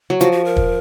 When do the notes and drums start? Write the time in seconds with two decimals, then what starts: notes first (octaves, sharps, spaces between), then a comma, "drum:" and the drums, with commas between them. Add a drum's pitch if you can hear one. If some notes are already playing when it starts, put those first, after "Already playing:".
0.10 F#3
0.21 F3 F#4, drum: hi-hat
0.32 F#4
0.45 A#4
0.57 drum: kick